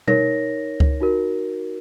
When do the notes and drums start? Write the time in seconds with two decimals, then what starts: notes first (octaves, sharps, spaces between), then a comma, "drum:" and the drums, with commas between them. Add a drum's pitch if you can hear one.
0.07 D#4 A#4 C#5 A#6, drum: tom B2
0.80 drum: kick C#2
1.01 D#4 F#4 A#4